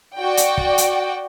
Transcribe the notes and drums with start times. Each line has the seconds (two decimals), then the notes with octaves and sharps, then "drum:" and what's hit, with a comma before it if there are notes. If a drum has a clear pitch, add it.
0.17 F#4 D5 G5
0.37 drum: hi-hat
0.57 drum: kick
0.78 drum: hi-hat